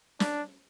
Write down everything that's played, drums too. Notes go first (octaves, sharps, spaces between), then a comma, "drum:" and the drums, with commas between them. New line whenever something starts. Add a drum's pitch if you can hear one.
D4, drum: snare